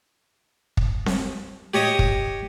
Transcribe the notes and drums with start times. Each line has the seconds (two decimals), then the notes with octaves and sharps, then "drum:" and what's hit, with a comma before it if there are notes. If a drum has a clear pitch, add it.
0.77 drum: kick
1.06 drum: snare C4
1.74 G4 C#5 D#5 D#6
1.99 drum: kick